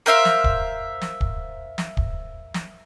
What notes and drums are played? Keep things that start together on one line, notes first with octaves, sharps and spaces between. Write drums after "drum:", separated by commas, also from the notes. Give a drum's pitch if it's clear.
A#4 C5 E5 F5
drum: snare
drum: kick
drum: snare
drum: kick
drum: snare
drum: kick
drum: snare